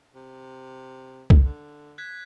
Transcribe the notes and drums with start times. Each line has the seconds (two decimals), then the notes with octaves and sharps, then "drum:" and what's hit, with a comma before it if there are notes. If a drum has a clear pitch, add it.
0.16 C3
1.30 drum: kick C2
1.45 D3
1.98 F#6 G#6 B6